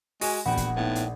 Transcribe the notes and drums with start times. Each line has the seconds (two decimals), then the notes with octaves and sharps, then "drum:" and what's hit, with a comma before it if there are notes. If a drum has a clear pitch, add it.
0.21 G#3 F#4 G#5 A#6, drum: open hi-hat
0.46 A#1 E2 F#4 F#5 G5 B5
0.57 drum: kick, hi-hat
0.76 A2 B3 D#4
0.95 drum: hi-hat